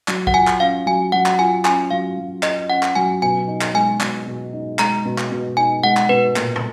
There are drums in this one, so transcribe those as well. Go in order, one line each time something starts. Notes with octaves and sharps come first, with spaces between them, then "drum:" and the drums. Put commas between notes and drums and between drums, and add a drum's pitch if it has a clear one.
F#3, drum: clap
F#5, drum: kick G#1
F4 G#5
drum: clap
C#4 F5
F#3 G#5
F#3 F#5
drum: clap
F4 G#5
C#4 G#5, drum: clap
F#3 F5
F#3
F4 D#5, drum: clap
C#4 F#5
drum: clap
F#3 G#5
B2 G#5
D#4
drum: clap
G#3 G#5
B2, drum: clap
B2
D#4
G#3 A#5, drum: clap
B2
drum: clap
B2
D#4 G#5
G#3 F#5
drum: clap
B2 B4
A#2, drum: clap
drum: tom